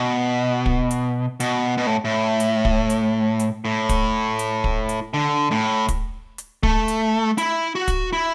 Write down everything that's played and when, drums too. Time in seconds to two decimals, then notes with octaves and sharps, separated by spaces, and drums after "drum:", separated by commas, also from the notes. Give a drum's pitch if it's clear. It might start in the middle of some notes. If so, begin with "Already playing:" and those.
Already playing: B2
0.66 drum: kick
0.91 drum: hi-hat
1.40 B2, drum: hi-hat
1.78 B2
1.87 A2
2.05 A2
2.40 drum: hi-hat
2.65 drum: kick
2.90 drum: hi-hat
3.40 drum: hi-hat
3.65 A2
3.89 drum: kick, hi-hat
4.39 drum: hi-hat
4.64 drum: kick
4.89 drum: hi-hat
5.14 D3
5.51 A2
5.88 drum: kick, hi-hat
6.38 drum: hi-hat
6.63 A3, drum: kick
6.88 drum: hi-hat
7.38 E4, drum: hi-hat
7.75 F#4
7.88 drum: kick, hi-hat
8.13 E4